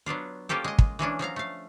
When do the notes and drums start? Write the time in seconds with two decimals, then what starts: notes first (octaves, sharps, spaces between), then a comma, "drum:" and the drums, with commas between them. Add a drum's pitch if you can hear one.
0.06 F#3 B3 D4 F4
0.49 A#3 C#4 F4 G4 A4
0.64 G#3 D#5
0.79 drum: kick
0.99 E3 G#3 C#4 D4
1.19 F3 F#3 F5 A#5
1.36 A3 F5